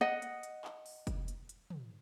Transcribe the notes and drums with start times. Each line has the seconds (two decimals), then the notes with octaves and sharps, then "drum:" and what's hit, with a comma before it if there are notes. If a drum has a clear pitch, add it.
0.01 D#5 F#5
0.22 drum: hi-hat
0.43 drum: hi-hat
0.65 drum: clap
0.86 drum: open hi-hat
1.07 drum: kick F1, hi-hat
1.28 drum: hi-hat
1.49 drum: hi-hat
1.70 drum: tom